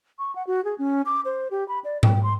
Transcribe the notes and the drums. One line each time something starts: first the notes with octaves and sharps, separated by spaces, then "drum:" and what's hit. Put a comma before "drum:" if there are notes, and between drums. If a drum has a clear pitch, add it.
C#6
F#5
F#4
G#4
C#4
D6
C5
G4
B5
D5
G5, drum: tom G#2
C6